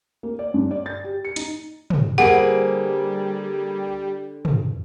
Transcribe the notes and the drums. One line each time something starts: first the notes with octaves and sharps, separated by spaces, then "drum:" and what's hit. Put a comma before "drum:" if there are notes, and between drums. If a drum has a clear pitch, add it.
A#3
D5
G2
D5
A6
G4
C#7
D#4, drum: hi-hat
drum: tom
D3 G3 A#3 C4 E4 G#4 F#5 D7
drum: tom